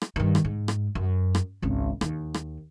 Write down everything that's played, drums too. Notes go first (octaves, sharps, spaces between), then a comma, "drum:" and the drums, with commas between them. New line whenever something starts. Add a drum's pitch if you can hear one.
drum: rim click
G2 D#3
drum: rim click
G#2
drum: rim click
F#2
drum: rim click
G#1 C#2
D#2, drum: rim click
drum: rim click